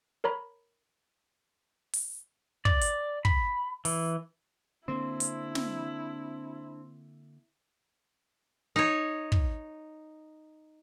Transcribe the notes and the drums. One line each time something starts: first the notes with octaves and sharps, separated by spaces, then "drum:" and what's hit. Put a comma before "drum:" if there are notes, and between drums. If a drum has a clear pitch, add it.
A#4 C#5 A#5 B5
drum: open hi-hat
D5, drum: kick
drum: hi-hat
B5, drum: kick
E3, drum: open hi-hat
D3 A#3 C4 D4 E4
drum: hi-hat
drum: snare
D#4 C#5
drum: kick